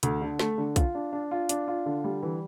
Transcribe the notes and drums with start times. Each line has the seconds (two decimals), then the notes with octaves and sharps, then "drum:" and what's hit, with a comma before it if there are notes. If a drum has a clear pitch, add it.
0.03 D2, drum: hi-hat
0.22 D3
0.39 A3, drum: snare
0.58 D3
0.76 F4, drum: kick, hi-hat
0.95 D4
1.13 D4
1.31 F4
1.49 D4, drum: hi-hat
1.68 F4
1.86 D3
2.04 G3
2.23 E3